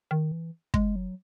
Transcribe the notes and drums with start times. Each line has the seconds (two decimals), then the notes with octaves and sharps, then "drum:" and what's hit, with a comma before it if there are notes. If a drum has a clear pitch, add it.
0.11 D#3
0.32 E3
0.74 G#3, drum: kick
0.96 F#3